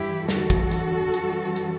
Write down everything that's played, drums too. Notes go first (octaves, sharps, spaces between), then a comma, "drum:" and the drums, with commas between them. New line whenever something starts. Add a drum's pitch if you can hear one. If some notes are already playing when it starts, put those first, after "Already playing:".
Already playing: G2 E3 G3 E4 G4
E2 D3 G3 F#4 A4, drum: snare
drum: kick, hi-hat
drum: hi-hat
F#2 E3 G3, drum: hi-hat
drum: hi-hat